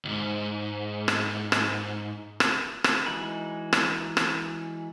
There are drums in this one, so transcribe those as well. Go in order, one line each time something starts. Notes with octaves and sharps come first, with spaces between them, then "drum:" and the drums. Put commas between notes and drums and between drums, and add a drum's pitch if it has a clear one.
C#2 G#2
drum: rim click
drum: rim click
drum: rim click
drum: rim click
E3 G#3 D#4 F#4 B5
drum: rim click
drum: rim click